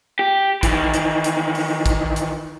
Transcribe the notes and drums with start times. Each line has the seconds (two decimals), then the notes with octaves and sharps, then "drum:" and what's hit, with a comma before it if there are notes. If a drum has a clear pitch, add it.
0.19 G4
0.63 D#3 E3, drum: kick, hi-hat
0.94 drum: hi-hat
1.24 drum: hi-hat
1.55 drum: open hi-hat
1.86 drum: kick, hi-hat
2.16 drum: hi-hat